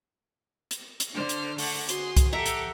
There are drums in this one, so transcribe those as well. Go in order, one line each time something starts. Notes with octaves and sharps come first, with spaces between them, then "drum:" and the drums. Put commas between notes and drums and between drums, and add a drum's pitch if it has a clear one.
drum: hi-hat
drum: hi-hat
D3 D4 C5 F6
drum: hi-hat
D3 A3 F#5, drum: open hi-hat
F#4 G#4 C6, drum: hi-hat
drum: kick C2, hi-hat
G4 A4 E5 F#5 A#5
drum: hi-hat